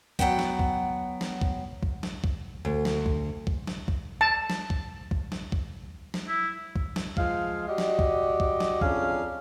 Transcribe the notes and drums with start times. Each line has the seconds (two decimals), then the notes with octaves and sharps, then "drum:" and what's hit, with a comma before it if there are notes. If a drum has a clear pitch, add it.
0.19 F#3 B3 F#5 G5, drum: kick
0.39 drum: snare
0.59 drum: kick
1.21 drum: snare
1.41 drum: kick
1.83 drum: kick
2.03 drum: snare
2.24 drum: kick
2.65 D2
2.85 drum: snare
3.06 drum: kick
3.47 drum: kick
3.67 drum: snare
3.88 drum: kick
4.21 A5
4.50 drum: snare
4.70 drum: kick
5.11 drum: kick
5.32 drum: snare
5.52 drum: kick
6.14 drum: snare
6.29 E4
6.76 drum: kick
6.96 drum: snare
7.17 F3 G#3 F5, drum: kick
7.68 F#4 G4 D5 D#5
7.78 drum: snare
7.99 drum: kick
8.40 drum: kick
8.60 drum: snare
8.81 F2 C#4 D4 G#4 F5, drum: kick